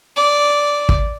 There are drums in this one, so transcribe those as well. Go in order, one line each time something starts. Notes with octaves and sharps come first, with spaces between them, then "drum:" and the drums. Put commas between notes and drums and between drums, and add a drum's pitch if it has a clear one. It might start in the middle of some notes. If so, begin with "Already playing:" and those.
D5
drum: kick